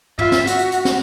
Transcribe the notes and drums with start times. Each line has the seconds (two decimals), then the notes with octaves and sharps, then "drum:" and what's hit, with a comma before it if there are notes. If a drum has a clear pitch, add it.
0.18 F4 E5, drum: tom
0.32 drum: snare
0.47 F#4, drum: hi-hat
0.58 drum: hi-hat
0.72 drum: hi-hat
0.85 drum: snare